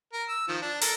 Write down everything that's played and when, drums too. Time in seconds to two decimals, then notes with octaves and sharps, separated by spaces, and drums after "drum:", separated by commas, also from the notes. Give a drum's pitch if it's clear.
0.13 A#4
0.29 E6
0.48 D#3 F3
0.62 D4
0.81 A4 A#4, drum: open hi-hat